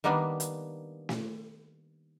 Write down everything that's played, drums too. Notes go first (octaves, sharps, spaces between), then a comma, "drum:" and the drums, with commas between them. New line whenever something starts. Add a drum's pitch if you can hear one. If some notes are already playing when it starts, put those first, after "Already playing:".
D#3 G3 A#3 B3 D4
drum: hi-hat
drum: snare